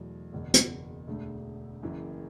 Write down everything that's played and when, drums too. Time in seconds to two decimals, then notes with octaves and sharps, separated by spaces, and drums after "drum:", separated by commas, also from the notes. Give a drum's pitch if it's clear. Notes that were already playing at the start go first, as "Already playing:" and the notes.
Already playing: E2 B2 F#3 A3
0.33 F#1 E2 B2
0.54 drum: hi-hat
1.08 E1 D2 D3 A3
1.82 F#1 F#2 E3